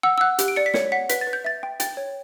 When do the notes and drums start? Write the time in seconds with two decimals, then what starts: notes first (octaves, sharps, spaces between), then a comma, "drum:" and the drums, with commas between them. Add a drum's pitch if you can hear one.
0.03 F#5 E6
0.18 E6
0.21 F#5 F#6
0.39 G4, drum: hi-hat
0.48 D7
0.56 D5 C#7
0.66 B6
0.74 C#5 C#7, drum: snare
0.92 F#5 B6
1.09 B4 B6, drum: hi-hat
1.21 A6
1.27 B4
1.33 G6
1.45 E5 A6
1.63 G5
1.80 G5 A6, drum: hi-hat
1.97 C#5